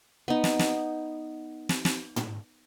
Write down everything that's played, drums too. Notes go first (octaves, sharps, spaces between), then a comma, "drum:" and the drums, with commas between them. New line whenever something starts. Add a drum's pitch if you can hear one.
B3 D#4
drum: snare
drum: snare
drum: snare
drum: snare
drum: tom